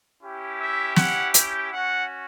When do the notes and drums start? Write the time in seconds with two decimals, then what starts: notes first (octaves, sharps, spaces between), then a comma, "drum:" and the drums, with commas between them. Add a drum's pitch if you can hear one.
0.22 C#4 E4 G4
0.59 E5
0.96 F#5, drum: snare
1.34 G5, drum: hi-hat
1.72 C#4 F#4 F#5